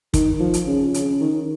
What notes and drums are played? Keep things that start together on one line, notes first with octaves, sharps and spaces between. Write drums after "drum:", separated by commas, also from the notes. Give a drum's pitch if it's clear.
D#3, drum: kick, hi-hat
F3
drum: hi-hat
C#3
C#3, drum: hi-hat
D#3